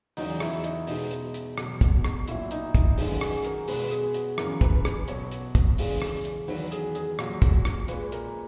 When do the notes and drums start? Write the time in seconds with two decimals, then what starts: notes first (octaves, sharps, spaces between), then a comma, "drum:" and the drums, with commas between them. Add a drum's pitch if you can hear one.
0.17 E2 C#3 F#3 D#4, drum: open hi-hat
0.40 E4, drum: rim click
0.64 D#4, drum: hi-hat
0.87 B2 G#3 D#4, drum: open hi-hat
1.11 drum: hi-hat
1.34 drum: hi-hat
1.58 B2 F#3, drum: rim click
1.81 drum: kick, hi-hat
2.04 drum: rim click
2.28 A#2 F#3 E4, drum: hi-hat
2.51 D#4, drum: hi-hat
2.75 D#4, drum: kick, hi-hat
2.98 F#2 D#3 G#3, drum: open hi-hat
3.16 F#4
3.21 G#4, drum: rim click
3.44 A#4, drum: hi-hat
3.68 B2 G#3 B4, drum: open hi-hat
3.91 G#4, drum: hi-hat
4.14 F#4, drum: hi-hat
4.38 F#2 C#3 E3 A#4, drum: rim click
4.61 B4, drum: kick, hi-hat
4.85 B4, drum: rim click
5.08 B2 F#3 C#5, drum: hi-hat
5.32 drum: hi-hat
5.55 drum: kick, hi-hat
5.78 E2 C#3 G#3, drum: open hi-hat
6.02 drum: rim click
6.25 drum: hi-hat
6.48 E2 D#3 F#3 B4, drum: open hi-hat
6.72 G#4, drum: hi-hat
6.95 G#4, drum: hi-hat
7.19 A#2 F#3, drum: rim click
7.42 drum: kick, hi-hat
7.65 drum: rim click
7.88 A#2 G#3 B4, drum: hi-hat
8.12 A#4, drum: hi-hat